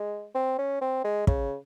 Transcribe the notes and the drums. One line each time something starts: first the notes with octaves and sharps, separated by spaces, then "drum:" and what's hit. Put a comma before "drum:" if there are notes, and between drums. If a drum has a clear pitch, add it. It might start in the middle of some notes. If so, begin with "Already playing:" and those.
Already playing: G#3
C4
C#4
C4
G#3
C#3, drum: kick